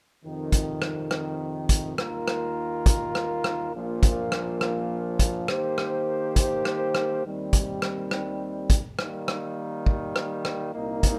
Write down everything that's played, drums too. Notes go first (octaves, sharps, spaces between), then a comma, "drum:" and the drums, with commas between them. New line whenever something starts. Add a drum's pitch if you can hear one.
F2 C3 D#3
drum: kick, hi-hat
drum: rim click
drum: rim click
drum: kick, hi-hat
D#2 D#3 A#3 F4 A#4, drum: rim click
drum: rim click
drum: kick, hi-hat
drum: rim click
drum: rim click
A#1 A#2 F3 A#3 F4
drum: kick, hi-hat
drum: rim click
drum: rim click
drum: kick, hi-hat
D#3 A#3 G4 C5, drum: rim click
drum: rim click
drum: kick, hi-hat
drum: rim click
drum: rim click
D#2 D#3 G3 C4
drum: kick, hi-hat
drum: rim click
drum: rim click
drum: kick, hi-hat
D#3 G3 A#3, drum: rim click
drum: rim click
drum: kick
drum: rim click
drum: rim click
C2 A#2 A#3 D#4
drum: kick, hi-hat